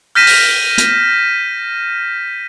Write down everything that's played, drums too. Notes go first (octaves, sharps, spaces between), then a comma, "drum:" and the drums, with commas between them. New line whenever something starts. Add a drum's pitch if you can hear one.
F6 G6 A#6 B6 D#7 E7
drum: open hi-hat
drum: hi-hat